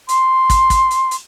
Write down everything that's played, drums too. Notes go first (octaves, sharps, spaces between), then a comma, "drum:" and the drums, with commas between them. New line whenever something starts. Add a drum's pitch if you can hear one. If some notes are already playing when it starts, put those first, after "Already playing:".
C6, drum: hi-hat
drum: kick, hi-hat
drum: kick, hi-hat
drum: hi-hat
drum: hi-hat